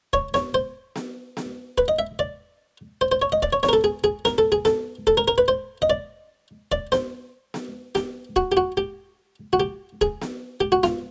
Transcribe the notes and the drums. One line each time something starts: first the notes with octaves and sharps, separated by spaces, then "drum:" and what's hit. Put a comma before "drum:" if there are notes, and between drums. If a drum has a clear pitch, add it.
C#5, drum: kick
C#5, drum: snare B3
C5
drum: snare B3
drum: snare B3
B4, drum: kick
D#5
E5
D5
C5
C5
C#5
D#5
D5, drum: kick
C#5
C#5, drum: snare B3
A#4
A4
G#4
G#4
A#4, drum: snare B3
A4
G#4
A4, drum: snare B3
A4, drum: kick
A#4
A#4
B4
C5
D#5
D5
D5, drum: kick
C5, drum: snare B3
drum: snare B3
G4, drum: snare B3
F#4, drum: kick
G4
F#4
G4
F#4
G4
G#4, drum: kick
drum: snare B3
G4
F#4
F4, drum: snare B3